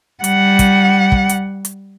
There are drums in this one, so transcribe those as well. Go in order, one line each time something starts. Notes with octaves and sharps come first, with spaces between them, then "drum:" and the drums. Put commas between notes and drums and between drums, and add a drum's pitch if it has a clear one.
G3 F#5, drum: hi-hat
drum: kick, hi-hat
drum: kick
drum: hi-hat
drum: hi-hat